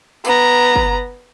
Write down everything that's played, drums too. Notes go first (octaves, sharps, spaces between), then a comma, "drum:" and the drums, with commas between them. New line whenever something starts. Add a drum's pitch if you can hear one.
B3 A#5, drum: tambourine
drum: kick